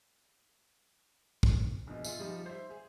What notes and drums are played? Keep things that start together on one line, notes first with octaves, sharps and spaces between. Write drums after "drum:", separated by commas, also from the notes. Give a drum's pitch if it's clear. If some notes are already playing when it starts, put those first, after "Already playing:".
drum: kick
A#1 B2
F4 G#4 E5, drum: tambourine
F3 G3 D#4
C5 E5
G#4